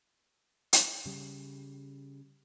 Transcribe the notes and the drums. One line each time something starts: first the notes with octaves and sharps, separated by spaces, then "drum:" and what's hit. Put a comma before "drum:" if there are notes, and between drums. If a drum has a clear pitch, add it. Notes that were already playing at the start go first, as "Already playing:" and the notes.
drum: hi-hat
C#3 G3